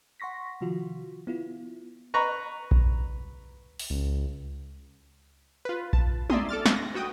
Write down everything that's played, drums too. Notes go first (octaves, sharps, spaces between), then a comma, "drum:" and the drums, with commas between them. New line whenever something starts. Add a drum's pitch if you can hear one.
F#5 C6 C#6 A#6 B6
C3 D#3 F3 F4 F#4
B3 E4 F4
B4 A#5 C#6
drum: kick A#1
drum: open hi-hat
C#2
F4 B4
A5, drum: kick A#1
D5 E5 G#5 A#5 C6 D#6, drum: tom
A4 D6 F6 A6
drum: snare
A#6
B3 F#4 G5 D#6